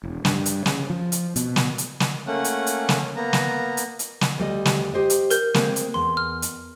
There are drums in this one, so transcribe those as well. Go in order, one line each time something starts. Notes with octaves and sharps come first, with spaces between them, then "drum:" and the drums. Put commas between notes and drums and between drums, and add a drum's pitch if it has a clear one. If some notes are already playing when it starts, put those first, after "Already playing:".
E1
G2, drum: snare
drum: hi-hat
C#3, drum: snare
F3
drum: hi-hat
B2, drum: hi-hat
drum: snare
drum: hi-hat
drum: snare
A3 A#3 C#4 F#5
drum: hi-hat
drum: hi-hat
drum: snare
A#3 B3 A#5
drum: snare
drum: hi-hat
drum: hi-hat
drum: snare
D2 G3 D#5
drum: snare
G4 C5 D#5
drum: hi-hat
A#4 G6, drum: hi-hat
G#3 A#3 C4, drum: snare
drum: hi-hat
E2 C6
F6
drum: hi-hat